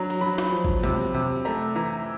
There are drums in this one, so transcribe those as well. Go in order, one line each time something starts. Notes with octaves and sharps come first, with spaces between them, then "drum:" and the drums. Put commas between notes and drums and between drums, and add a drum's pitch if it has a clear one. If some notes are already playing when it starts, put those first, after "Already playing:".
Already playing: F#3 D4 A#5
A#5, drum: cymbal
F#3 B5
drum: snare
F3
drum: kick
C3, drum: tom G#3
C3
A3 A#5
E3 A#5